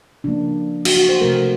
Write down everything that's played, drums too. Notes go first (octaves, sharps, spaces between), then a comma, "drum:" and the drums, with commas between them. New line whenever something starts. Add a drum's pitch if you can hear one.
C#3 F3 A#3 D4
F#4, drum: cymbal
F#4
C5
C3 F3 A3 A#4